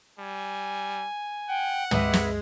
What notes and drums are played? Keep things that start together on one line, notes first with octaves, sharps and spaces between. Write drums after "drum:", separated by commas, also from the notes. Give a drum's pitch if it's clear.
G3 G#5
F#5 G5
G#3 G4 B4 E5, drum: tom
drum: snare